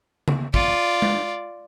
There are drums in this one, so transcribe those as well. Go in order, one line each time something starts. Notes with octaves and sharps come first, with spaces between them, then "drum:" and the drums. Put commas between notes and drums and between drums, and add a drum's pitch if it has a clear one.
drum: tom C#3
F4 D5, drum: kick
drum: tom G#3